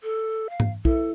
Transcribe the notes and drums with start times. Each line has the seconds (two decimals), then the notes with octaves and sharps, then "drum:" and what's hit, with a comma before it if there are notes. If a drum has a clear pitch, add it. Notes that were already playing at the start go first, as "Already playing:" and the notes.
0.03 A4
0.50 F5
0.60 drum: tom G#2
0.85 E4 A4, drum: kick B1